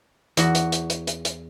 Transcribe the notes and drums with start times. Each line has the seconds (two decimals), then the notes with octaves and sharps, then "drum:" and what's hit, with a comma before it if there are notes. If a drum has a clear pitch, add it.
0.37 E2 F#4, drum: hi-hat
0.55 drum: hi-hat
0.72 drum: hi-hat
0.90 drum: hi-hat
1.07 drum: hi-hat
1.25 drum: hi-hat